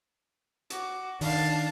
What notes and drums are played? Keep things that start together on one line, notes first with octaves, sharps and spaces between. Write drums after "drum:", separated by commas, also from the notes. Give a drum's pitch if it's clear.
F#4 D6, drum: hi-hat
D#3 D4 F5 A5, drum: open hi-hat